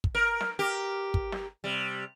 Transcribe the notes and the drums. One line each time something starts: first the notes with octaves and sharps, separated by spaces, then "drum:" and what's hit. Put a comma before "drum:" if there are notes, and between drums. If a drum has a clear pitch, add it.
drum: kick
A#4
drum: snare
G4 A#4
drum: kick
drum: snare
C3 G3